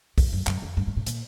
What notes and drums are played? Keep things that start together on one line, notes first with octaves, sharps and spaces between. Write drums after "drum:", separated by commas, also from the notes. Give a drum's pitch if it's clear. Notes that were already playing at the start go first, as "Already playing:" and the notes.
F2, drum: kick B1, open hi-hat
F#2
F#2, drum: clap
F2
G2
G#2
A2
A#2, drum: hi-hat